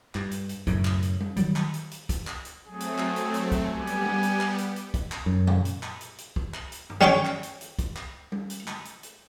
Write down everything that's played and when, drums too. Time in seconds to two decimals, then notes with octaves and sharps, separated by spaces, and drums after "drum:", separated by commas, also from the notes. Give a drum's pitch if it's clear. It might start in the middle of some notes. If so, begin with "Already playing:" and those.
0.15 G2, drum: clap
0.31 drum: hi-hat
0.49 drum: hi-hat
0.67 F#2 A2 C#3, drum: kick, hi-hat
0.85 drum: clap
1.03 drum: hi-hat
1.20 drum: tom G3
1.36 D#3 F#3 G3, drum: hi-hat
1.56 drum: clap
1.74 drum: hi-hat
1.91 drum: hi-hat
2.09 drum: kick, hi-hat
2.27 drum: clap
2.45 drum: hi-hat
2.67 F#3 A3 C4 G#4
2.80 drum: hi-hat
2.98 drum: clap
3.16 drum: hi-hat
3.34 drum: hi-hat
3.52 drum: kick, hi-hat
3.66 G3 B3 G4 G#5
3.87 drum: hi-hat
4.05 drum: tom G3
4.23 drum: hi-hat
4.41 drum: clap
4.58 drum: hi-hat
4.76 drum: hi-hat
4.94 drum: kick, hi-hat
5.12 drum: clap
5.26 F#2
5.47 drum: tom A#2
5.65 drum: hi-hat
5.83 drum: clap
6.01 drum: hi-hat
6.18 drum: hi-hat
6.36 drum: kick
6.54 drum: clap
6.72 drum: hi-hat
6.90 drum: tom
7.01 G3 C#4 C#5 G5 C#6 D6
7.25 drum: clap
7.43 drum: hi-hat
7.61 drum: hi-hat
7.79 drum: kick, hi-hat
7.96 drum: clap
8.32 drum: tom G3
8.50 drum: hi-hat
8.67 drum: clap
8.85 drum: hi-hat
9.03 drum: hi-hat